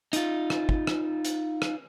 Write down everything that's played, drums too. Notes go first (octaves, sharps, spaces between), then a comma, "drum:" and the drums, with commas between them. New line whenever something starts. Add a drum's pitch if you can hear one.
D#4 F4, drum: hi-hat
drum: rim click
drum: kick
drum: rim click
drum: hi-hat
drum: rim click